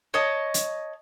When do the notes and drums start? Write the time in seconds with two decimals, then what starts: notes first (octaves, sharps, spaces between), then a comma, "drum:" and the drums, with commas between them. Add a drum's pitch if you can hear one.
0.14 C#5 D#5 A5
0.54 drum: hi-hat